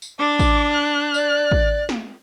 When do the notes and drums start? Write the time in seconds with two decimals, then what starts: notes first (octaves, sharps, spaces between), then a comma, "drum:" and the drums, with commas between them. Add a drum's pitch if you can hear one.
0.02 drum: tambourine
0.19 D4 D6
0.39 drum: kick, tambourine
0.73 F#6
1.14 D5, drum: tambourine
1.52 drum: kick
1.89 drum: snare